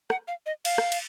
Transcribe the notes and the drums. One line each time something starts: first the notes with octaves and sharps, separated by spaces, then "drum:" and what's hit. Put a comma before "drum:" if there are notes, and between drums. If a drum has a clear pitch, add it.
F#5, drum: rim click
F5
D#5
F5, drum: cymbal
drum: rim click
drum: cymbal